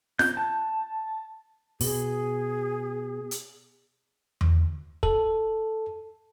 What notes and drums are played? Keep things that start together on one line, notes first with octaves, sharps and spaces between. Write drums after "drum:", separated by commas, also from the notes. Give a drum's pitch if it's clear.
G6, drum: snare F4
A5
B2 G#4, drum: open hi-hat
drum: hi-hat
drum: tom E2
A4, drum: kick